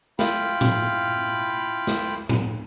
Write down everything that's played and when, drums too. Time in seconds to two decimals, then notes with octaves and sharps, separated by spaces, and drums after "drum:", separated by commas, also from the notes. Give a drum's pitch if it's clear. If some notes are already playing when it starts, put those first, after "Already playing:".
0.19 E4 F4 F5 G5 B5, drum: snare
0.61 drum: tom A2
1.87 drum: snare
2.29 drum: tom A2